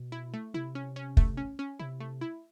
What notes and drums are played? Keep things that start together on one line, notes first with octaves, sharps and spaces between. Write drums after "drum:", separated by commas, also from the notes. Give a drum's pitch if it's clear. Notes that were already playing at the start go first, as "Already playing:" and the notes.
Already playing: B2
E4
A3
C3 E4
C#4
C#4
A3, drum: kick
C#4
C#4
C3 E4
A3
E4